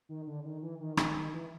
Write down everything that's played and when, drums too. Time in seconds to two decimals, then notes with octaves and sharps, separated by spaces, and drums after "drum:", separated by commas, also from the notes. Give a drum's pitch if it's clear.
0.09 D#3
0.27 D3
0.45 D#3
0.62 E3
0.80 D#3
0.97 D#3, drum: rim click
1.16 D#3
1.33 E3